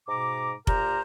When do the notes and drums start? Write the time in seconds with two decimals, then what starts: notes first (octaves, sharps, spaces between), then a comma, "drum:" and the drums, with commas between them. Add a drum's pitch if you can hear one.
0.08 G#2 B2 A#5 D6
0.67 A#2 G4 A#4 C5 A#5, drum: kick F1